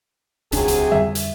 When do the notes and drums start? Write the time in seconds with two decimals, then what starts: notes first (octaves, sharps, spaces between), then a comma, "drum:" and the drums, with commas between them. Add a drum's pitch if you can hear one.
0.52 D#1 C#2 C3 F#3 D4 G#4, drum: hi-hat
0.68 drum: hi-hat
0.92 F2 D3 G3 E5
1.15 drum: hi-hat